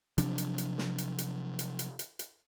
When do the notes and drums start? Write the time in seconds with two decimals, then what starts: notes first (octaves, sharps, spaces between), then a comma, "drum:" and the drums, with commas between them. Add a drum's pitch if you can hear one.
0.18 C3 F3 F#3 D4, drum: hi-hat
0.38 drum: hi-hat
0.58 drum: hi-hat
0.78 drum: snare
0.98 drum: hi-hat
1.18 drum: hi-hat
1.59 drum: hi-hat
1.79 drum: hi-hat
1.99 drum: hi-hat
2.19 drum: hi-hat